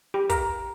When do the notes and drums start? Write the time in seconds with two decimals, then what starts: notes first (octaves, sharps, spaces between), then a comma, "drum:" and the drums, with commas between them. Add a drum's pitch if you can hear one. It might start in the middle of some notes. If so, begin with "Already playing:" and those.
0.14 G4
0.30 A#4, drum: kick, hi-hat